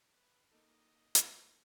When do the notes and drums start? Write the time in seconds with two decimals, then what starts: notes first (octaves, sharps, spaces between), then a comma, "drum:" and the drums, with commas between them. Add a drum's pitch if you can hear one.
0.14 B4
0.51 A#3 D#4 A4 D#5
1.15 drum: hi-hat